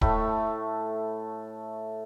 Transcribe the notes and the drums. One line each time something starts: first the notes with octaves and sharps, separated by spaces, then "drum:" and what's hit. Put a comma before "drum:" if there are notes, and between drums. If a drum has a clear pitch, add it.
A2 A3 B5, drum: kick D1